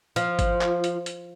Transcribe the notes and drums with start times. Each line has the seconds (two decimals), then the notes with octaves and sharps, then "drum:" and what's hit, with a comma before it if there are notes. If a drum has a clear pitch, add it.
0.16 F3, drum: hi-hat
0.39 drum: kick G#1, hi-hat
0.61 drum: clap
0.84 drum: hi-hat
1.06 drum: hi-hat